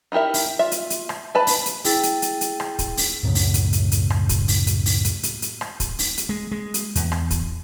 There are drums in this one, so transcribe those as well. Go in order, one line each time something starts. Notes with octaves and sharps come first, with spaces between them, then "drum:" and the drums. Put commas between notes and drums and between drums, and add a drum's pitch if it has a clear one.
D#4 E4 G4 A#4 E5
drum: open hi-hat
F4 E5
drum: hi-hat
drum: hi-hat
drum: rim click
B4 A5 B5
drum: open hi-hat
drum: hi-hat
E4 G#4 G5 E6 A6, drum: open hi-hat
drum: hi-hat
drum: hi-hat
drum: hi-hat
drum: rim click
drum: kick, hi-hat
drum: open hi-hat
C#2 F#2 A2 C#3
drum: open hi-hat
drum: hi-hat
drum: hi-hat
drum: hi-hat
drum: rim click
drum: kick, hi-hat
drum: open hi-hat
drum: hi-hat
drum: open hi-hat
drum: hi-hat
drum: hi-hat
drum: hi-hat
drum: rim click
drum: kick, hi-hat
drum: open hi-hat
drum: hi-hat
G#3
G#3
drum: hi-hat
E2, drum: hi-hat
drum: rim click
drum: kick, hi-hat